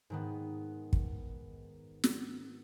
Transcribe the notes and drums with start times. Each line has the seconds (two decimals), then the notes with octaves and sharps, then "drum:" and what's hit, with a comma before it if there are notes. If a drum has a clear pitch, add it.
0.10 G#2 D#3 B3
0.93 drum: kick
2.04 drum: snare